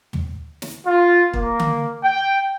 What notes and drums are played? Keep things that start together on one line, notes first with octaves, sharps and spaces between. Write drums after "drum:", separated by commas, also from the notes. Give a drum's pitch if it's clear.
drum: tom
drum: snare
F4
A#3, drum: kick
drum: tom D3
G5